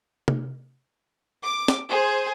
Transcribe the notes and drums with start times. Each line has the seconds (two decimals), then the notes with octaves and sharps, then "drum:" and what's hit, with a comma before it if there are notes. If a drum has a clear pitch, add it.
0.28 drum: tom
1.44 D6
1.68 drum: snare
1.88 G#4 C5